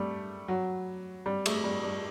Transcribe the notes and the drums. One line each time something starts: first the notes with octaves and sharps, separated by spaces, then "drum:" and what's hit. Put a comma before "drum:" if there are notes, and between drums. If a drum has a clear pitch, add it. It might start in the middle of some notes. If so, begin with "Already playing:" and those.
Already playing: G3 A3
F#3
G3
A3, drum: cymbal
G3
G3